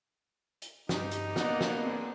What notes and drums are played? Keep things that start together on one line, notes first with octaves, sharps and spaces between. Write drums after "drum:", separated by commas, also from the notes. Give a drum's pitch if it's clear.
drum: hi-hat
G2 D#4 G4, drum: snare
drum: hi-hat
A#3 B3 D5 D#5 F#5, drum: snare
drum: snare
C4 D4 G#4